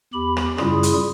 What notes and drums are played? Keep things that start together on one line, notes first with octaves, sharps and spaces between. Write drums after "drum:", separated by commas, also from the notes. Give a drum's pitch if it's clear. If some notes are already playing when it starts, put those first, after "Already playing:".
E2 G4 B5
drum: rim click
F#2 C#3 G3 E4 F4 G#4, drum: rim click
drum: hi-hat